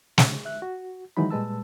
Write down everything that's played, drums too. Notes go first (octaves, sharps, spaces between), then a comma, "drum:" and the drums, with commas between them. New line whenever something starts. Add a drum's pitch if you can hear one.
C#3, drum: snare
E5 F#6
F#4
D#3 E3 F#3 G#3 D#4 B5
A#2 G3 G#3 B4 A5 E6